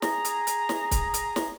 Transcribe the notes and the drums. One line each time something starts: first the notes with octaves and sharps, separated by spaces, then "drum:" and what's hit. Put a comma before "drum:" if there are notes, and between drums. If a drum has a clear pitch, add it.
G#4 A#5, drum: snare
drum: hi-hat
drum: hi-hat
drum: snare
drum: kick C#1, hi-hat
drum: hi-hat
drum: snare